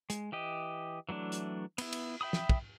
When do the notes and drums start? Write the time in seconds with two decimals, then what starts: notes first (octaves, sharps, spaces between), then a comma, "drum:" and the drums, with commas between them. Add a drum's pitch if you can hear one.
0.10 G#3, drum: hi-hat
0.32 E3 G4 D#5
1.09 E3 F#3 A3 D4
1.32 drum: hi-hat
1.78 B3 E4, drum: cymbal
1.92 drum: cymbal
2.21 E5 G5 B5 D#6
2.33 drum: snare
2.49 drum: kick